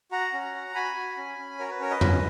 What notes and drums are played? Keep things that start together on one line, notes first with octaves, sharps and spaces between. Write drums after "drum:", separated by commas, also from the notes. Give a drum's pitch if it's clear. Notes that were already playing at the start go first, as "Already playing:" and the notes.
F#4 F#5 A#5
C#4
F#4
F#4 G#5 B5
F#4
C#4
C#4
F#4 A#4 C#5
B4
C#4 A#4 C#5
B4 D#5
C#4, drum: tom F2